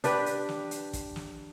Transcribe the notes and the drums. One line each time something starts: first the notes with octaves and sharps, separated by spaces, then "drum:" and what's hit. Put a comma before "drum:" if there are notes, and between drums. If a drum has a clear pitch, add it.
D4 G4 B4, drum: hi-hat
drum: hi-hat
drum: snare
drum: hi-hat
drum: kick, hi-hat
drum: snare